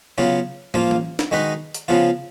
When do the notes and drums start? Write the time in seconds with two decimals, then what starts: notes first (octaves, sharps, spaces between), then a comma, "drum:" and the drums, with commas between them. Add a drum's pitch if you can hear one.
0.18 C#3 F#3 B3 F4
0.74 F3 A#3 F4, drum: tom
0.91 drum: tom E3
1.19 drum: snare
1.31 D#3 G#3 D#4 F#4 B4
1.74 drum: hi-hat
1.88 C#3 F3 B3 F4